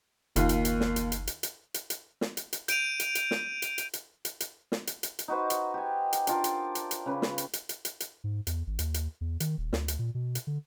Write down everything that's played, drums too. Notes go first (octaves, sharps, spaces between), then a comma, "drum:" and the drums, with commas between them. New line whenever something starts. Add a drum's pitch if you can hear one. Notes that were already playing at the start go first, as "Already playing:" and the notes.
F#1 D#2 A#3 F4, drum: hi-hat
drum: hi-hat
drum: hi-hat
drum: snare
drum: hi-hat
drum: hi-hat
drum: hi-hat
drum: hi-hat
drum: hi-hat
drum: hi-hat
drum: snare
drum: hi-hat
drum: hi-hat
G6 D7 D#7 F7, drum: hi-hat
drum: hi-hat
drum: hi-hat
drum: snare
drum: hi-hat
drum: hi-hat
drum: hi-hat
drum: hi-hat
drum: hi-hat
drum: snare
drum: hi-hat
drum: hi-hat
drum: hi-hat
D#4 F#4 B4 C5
drum: hi-hat
G4 G#5
drum: hi-hat
D4 F4 A#4, drum: hi-hat
drum: hi-hat
drum: hi-hat
drum: hi-hat
C#3 B4
drum: snare
drum: hi-hat
drum: hi-hat
drum: hi-hat
drum: hi-hat
drum: hi-hat
G#2
E2, drum: hi-hat
G#1
D#2, drum: hi-hat
drum: hi-hat
E2
D#3, drum: hi-hat
D#1
D2, drum: snare
drum: hi-hat
A#2
B2
drum: hi-hat
D3